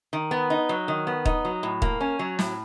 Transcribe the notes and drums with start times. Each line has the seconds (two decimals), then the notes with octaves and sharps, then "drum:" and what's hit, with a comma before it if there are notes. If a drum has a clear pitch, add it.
0.13 D#3
0.31 B3
0.50 D#4
0.69 F#3
0.88 D#3
1.07 B3
1.26 D#4, drum: kick D#1
1.45 F#3
1.63 A2
1.82 A#3, drum: kick D#1
2.01 C#4
2.19 F#3
2.39 A2, drum: snare